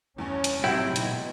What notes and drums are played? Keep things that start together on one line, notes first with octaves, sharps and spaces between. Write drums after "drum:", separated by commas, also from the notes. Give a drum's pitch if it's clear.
E2 G2 C#4 G#5
drum: hi-hat
A1 G#2 C3 F#3 E4 G5 C#7
B2, drum: hi-hat